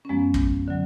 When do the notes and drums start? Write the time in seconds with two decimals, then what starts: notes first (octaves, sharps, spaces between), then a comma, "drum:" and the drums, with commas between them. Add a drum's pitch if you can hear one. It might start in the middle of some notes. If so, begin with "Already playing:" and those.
0.05 C#4
0.09 F#2 F3 G#3 B3
0.34 drum: kick
0.68 D3 F#3